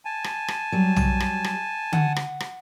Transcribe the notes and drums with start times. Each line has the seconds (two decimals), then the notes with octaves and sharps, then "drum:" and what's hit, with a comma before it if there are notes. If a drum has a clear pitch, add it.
0.05 G#5 A5
0.24 drum: rim click
0.48 drum: rim click
0.72 F#3 G3
0.96 drum: tom
1.20 drum: rim click
1.44 drum: rim click
1.92 F#5, drum: tom D3
2.16 drum: rim click
2.40 drum: rim click